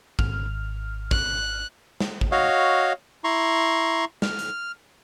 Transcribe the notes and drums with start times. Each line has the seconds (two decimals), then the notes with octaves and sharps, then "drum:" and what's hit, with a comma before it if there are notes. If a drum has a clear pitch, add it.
0.19 G#1 F6, drum: kick G#1
1.11 F#6, drum: kick G#1
2.00 drum: snare
2.21 drum: kick G#1
2.32 F#4 C#5 D#5 F5
3.24 E4 A#5 C6 C#6
4.22 F6, drum: snare
4.39 drum: hi-hat